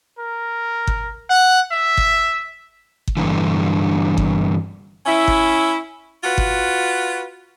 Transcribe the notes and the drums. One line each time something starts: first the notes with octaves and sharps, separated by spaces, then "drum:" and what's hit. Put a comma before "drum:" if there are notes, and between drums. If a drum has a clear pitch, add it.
A#4
drum: kick G1
F#5
E5
drum: kick G1
drum: kick G1
G2 B2 D3 E3
drum: kick G1
C#4 E4
drum: kick G1
F4 F#4 B4
drum: kick G1